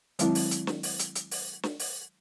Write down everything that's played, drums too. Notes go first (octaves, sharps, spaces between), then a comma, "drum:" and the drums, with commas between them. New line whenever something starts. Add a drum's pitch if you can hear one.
D#3 F#3 G#3 C4 E4, drum: hi-hat
drum: open hi-hat
drum: hi-hat
drum: snare
drum: open hi-hat
drum: hi-hat
drum: hi-hat
drum: open hi-hat
drum: snare
drum: open hi-hat